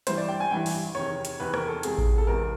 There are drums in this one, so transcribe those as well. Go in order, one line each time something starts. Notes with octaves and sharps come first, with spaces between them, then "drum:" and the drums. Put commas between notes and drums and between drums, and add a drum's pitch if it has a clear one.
A1 G2 E3 C5, drum: hi-hat
D5
G5
G#5
A1 G2 E3 G5
drum: open hi-hat
E2 C3 D#3 C#5
drum: hi-hat
E2 C3 D#3 B4
A#4, drum: rim click
A4
E1 E2 C3 G#4, drum: hi-hat
drum: kick A1
A4
E1 E2 C3 A#4